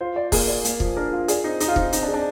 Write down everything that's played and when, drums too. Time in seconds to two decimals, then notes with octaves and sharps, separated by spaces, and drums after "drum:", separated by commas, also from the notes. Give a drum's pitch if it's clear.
0.01 F4 C5
0.16 D5
0.32 A#3 G#4, drum: kick, open hi-hat
0.48 D5
0.65 A#3, drum: hi-hat
0.80 F3, drum: kick
0.97 D4 A#4
1.12 F4
1.28 G#4 D5, drum: hi-hat
1.44 C4 D#4
1.60 D#4 G#4, drum: hi-hat
1.68 F4
1.76 C4 D#4, drum: kick
1.93 C4 D#4, drum: hi-hat
2.03 D4
2.08 G#4
2.14 D4